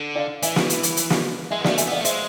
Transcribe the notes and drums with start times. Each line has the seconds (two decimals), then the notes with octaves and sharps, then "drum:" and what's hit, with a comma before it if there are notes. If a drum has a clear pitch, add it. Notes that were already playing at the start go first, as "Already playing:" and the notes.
Already playing: D3
0.15 D5 F5
0.42 E3 E5 G#5, drum: hi-hat
0.56 drum: snare
0.70 drum: hi-hat
0.83 drum: hi-hat
0.97 drum: hi-hat
1.10 drum: snare
1.51 G#3 E5 G#5
1.61 B3
1.64 D5 F5, drum: snare
1.69 A3
1.78 E5 G#5, drum: hi-hat
1.88 B3 D5 F5
2.01 A3
2.05 G#3 C5 E5, drum: hi-hat